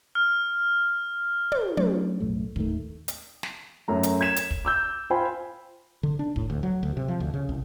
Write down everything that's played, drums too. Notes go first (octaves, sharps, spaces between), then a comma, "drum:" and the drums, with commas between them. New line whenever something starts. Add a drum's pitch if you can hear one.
F6
drum: tom
F#3 A3 C#4, drum: tom
B1 F#2 A2 A3
D#2 A2 D#3 A3, drum: kick
drum: hi-hat
drum: snare
F#2 A3 A#5
drum: hi-hat
G#6 B6 E7
drum: hi-hat
drum: kick
D6 E6 G6
F4 C5 G5 G#5 B5
D3
D4
A2, drum: kick
D2
F#3
D2
C3
F3
D2
C#3
C2